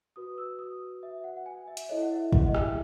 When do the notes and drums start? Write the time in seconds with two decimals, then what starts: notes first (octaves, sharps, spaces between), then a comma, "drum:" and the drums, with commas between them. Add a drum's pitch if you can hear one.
0.16 F#4 B4 D#6
0.38 E6
0.59 D#6
1.03 E5
1.24 F#5
1.37 F#5
1.46 G#5
1.68 E5
1.77 drum: hi-hat
1.89 E4 A4 C#5 D#5
2.02 F#5
2.11 E5
2.33 F#5, drum: kick
2.47 D#5
2.55 E5, drum: rim click